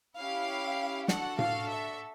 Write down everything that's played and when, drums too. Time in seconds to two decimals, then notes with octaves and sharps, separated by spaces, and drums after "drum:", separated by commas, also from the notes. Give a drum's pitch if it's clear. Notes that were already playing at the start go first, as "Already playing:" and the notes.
0.17 C#4 E4 G4 F5
1.08 D4 F#4 A4 F#5, drum: snare
1.39 F5, drum: tom A2
1.69 E5